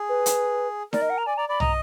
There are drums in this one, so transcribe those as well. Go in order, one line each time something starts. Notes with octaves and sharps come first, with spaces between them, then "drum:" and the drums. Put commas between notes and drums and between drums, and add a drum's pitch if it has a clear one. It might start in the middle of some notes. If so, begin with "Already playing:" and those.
Already playing: G#4
B4
drum: hi-hat
A#4 D5, drum: snare D#4
D#5
F#5
A#5
D5 G#5
D5 A#5
D5 B5
D#5 A#5, drum: tom